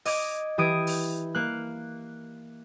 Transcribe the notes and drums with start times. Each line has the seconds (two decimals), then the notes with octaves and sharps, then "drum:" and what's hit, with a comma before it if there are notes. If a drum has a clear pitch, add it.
0.05 D#5 D6 G#6, drum: open hi-hat
0.58 E3 G4 D#6 G#6 D7
0.87 drum: open hi-hat
1.35 A#3 F#6